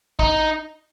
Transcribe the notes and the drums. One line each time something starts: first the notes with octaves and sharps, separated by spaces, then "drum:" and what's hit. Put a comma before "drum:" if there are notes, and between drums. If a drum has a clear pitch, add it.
D#4, drum: kick